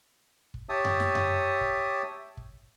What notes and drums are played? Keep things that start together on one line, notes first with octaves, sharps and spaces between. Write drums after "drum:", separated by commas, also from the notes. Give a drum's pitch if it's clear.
drum: kick
G4 C#5 E5 A5 D#6
drum: tom F#2
drum: snare
drum: tom F#2
drum: kick
drum: kick